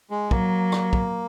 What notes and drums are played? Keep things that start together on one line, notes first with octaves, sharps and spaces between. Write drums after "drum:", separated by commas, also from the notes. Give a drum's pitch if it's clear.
G#3
F#3 A#3, drum: kick
drum: rim click
drum: kick